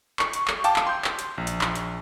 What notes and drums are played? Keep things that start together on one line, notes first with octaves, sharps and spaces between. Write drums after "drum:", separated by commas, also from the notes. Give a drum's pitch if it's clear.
C#6, drum: clap
drum: hi-hat
drum: clap
F5 G5 A5 D6, drum: hi-hat
drum: clap
C6 G6
drum: clap
drum: hi-hat
A#1
drum: hi-hat
drum: clap
drum: hi-hat